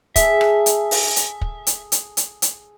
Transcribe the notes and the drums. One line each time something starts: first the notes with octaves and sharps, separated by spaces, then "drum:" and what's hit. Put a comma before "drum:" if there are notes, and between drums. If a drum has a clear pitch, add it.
G#4 A4 E5, drum: kick, hi-hat
drum: rim click
drum: hi-hat
drum: open hi-hat
drum: hi-hat
drum: kick
drum: hi-hat
drum: hi-hat
drum: hi-hat
drum: hi-hat